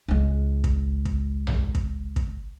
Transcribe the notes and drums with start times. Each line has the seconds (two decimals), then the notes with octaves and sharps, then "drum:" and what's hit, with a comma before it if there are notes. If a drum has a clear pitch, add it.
0.08 C#2 G#3
0.64 drum: kick
1.05 drum: kick
1.47 drum: tom A#1
1.75 drum: kick
2.16 drum: kick